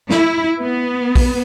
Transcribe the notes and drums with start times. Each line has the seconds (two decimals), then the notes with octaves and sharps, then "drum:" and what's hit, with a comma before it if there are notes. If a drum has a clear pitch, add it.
0.10 E4, drum: snare
0.60 B3
1.16 drum: kick, open hi-hat